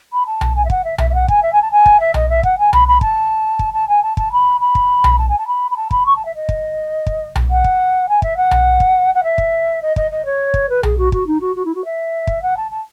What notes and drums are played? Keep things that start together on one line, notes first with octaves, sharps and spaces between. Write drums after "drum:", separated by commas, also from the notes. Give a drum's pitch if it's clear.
B5
A5
drum: tom B1
G#5
E5
F#5, drum: kick
E5
E5, drum: tom B1
E5
F#5
G#5, drum: kick
E5
G#5
A5
G#5
drum: kick
E5
D#5, drum: tom B1
E5
F#5, drum: kick
G#5
B5, drum: tom B1
B5
A5, drum: kick
drum: kick
A5
G#5
A5
A5, drum: kick
B5
B5
drum: kick
drum: tom B1
A5
G#5
A5
B5
B5
A5
B5, drum: kick
C#6
A5
E5
D#5
drum: kick
drum: kick
drum: tom B1
F#5
drum: kick
G#5
E5, drum: kick
F#5
drum: tom B1
drum: kick
F#5
E5
drum: kick
D#5
D#5, drum: kick
D#5
C#5
drum: kick
B4
G#4, drum: tom B1
F#4
F#4, drum: kick
D#4
F#4
F#4
E4
F#4
E5
drum: kick
F#5
A5
A5